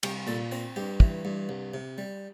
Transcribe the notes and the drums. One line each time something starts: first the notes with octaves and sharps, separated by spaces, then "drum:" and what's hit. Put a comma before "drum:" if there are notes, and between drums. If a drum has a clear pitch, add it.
C2 G4, drum: cymbal
A#2 A4
C4 A#4
G2 G4
E3, drum: kick
G2
C2
C3
G3